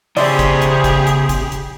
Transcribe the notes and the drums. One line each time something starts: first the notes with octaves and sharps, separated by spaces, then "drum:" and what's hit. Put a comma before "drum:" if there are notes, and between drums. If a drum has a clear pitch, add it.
C#3 G4 G#4 C5 D5 E5, drum: open hi-hat
drum: kick, hi-hat
drum: hi-hat
drum: kick, hi-hat
drum: hi-hat
drum: kick, hi-hat
drum: hi-hat